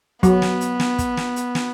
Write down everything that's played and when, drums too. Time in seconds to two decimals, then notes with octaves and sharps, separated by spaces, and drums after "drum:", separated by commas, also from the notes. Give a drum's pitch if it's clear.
0.23 F#3 B3, drum: kick, hi-hat
0.42 drum: snare
0.61 drum: hi-hat
0.80 drum: snare
0.98 drum: kick, hi-hat
1.17 drum: snare
1.36 drum: hi-hat
1.55 drum: snare